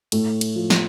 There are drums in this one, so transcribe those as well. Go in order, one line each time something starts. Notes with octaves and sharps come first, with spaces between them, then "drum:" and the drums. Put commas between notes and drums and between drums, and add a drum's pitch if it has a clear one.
A2 A3, drum: cymbal
drum: cymbal
F3
drum: snare